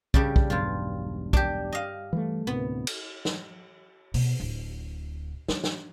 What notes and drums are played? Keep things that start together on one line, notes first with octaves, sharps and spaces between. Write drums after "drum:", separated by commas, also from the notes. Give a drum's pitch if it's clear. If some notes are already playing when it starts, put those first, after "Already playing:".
C#3 G3 D4, drum: kick
drum: kick
E1 B1 G2 F4
D4 G4, drum: kick
D#5 F5
E3 G3 A3
D2 A2 C3 B3
drum: cymbal
drum: snare
B2, drum: open hi-hat
D1
D4, drum: snare
drum: snare